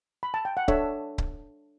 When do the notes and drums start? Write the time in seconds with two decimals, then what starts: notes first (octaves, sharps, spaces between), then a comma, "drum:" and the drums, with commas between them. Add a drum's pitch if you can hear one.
0.23 B5
0.34 A5
0.45 G5
0.57 F#5
0.68 D4 A4 C#5 E5, drum: kick C#1
1.18 drum: kick C#1